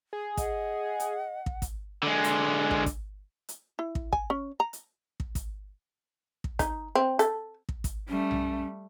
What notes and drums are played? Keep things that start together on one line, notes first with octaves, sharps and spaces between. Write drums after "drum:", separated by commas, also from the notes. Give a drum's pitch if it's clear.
G#4
D#5 F#5, drum: kick, hi-hat
drum: hi-hat
drum: kick
drum: kick, hi-hat
D3 G#3
drum: hi-hat
drum: kick
drum: kick, hi-hat
drum: hi-hat
E4
drum: kick
G#5, drum: kick
C#4
A#5
drum: hi-hat
drum: kick
drum: kick, hi-hat
drum: kick
D#4, drum: kick, hi-hat
C4
A4, drum: hi-hat
drum: kick
drum: kick, hi-hat
G3 A3 C#4
drum: tom B1